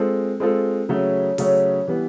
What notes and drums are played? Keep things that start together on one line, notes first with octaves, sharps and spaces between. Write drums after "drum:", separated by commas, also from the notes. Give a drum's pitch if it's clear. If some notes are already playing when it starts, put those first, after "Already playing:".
Already playing: G#3 C4 F4 A4
G#3 C4 F4 A4
C#3 F#3 A3 C#4
C#3 F#3 A3 C#4, drum: open hi-hat
E3 G3 B3